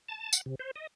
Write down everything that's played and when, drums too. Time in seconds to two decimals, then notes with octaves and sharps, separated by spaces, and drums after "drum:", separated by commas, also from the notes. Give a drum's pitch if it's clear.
0.08 A5
0.33 F#5, drum: tambourine
0.46 C3
0.59 C5
0.76 D#5